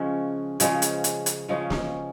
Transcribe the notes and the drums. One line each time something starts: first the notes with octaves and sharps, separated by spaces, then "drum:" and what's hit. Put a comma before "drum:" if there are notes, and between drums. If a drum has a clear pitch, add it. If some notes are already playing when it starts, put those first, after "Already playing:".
Already playing: C#3 F3 G#3 C#4
C#3 F3 G#3 C#4, drum: hi-hat
drum: hi-hat
drum: hi-hat
drum: hi-hat
C#3 F3 G#3 C#4
drum: snare